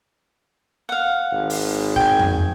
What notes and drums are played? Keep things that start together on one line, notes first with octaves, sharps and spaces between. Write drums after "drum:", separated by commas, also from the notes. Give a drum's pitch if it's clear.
F5 F#5
G#1
drum: open hi-hat
G5 G#5, drum: kick
drum: tom